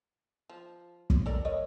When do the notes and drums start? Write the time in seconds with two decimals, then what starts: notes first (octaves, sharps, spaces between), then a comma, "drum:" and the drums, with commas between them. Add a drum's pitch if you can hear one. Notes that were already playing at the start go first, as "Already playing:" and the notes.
0.50 F3
1.10 drum: kick
1.26 A4 A#4 D5
1.45 A#4 C#5 D#5